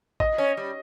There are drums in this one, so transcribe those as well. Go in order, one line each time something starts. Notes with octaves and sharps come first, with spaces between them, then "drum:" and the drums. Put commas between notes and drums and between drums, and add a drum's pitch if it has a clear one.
D#5, drum: kick A1
C#4
G3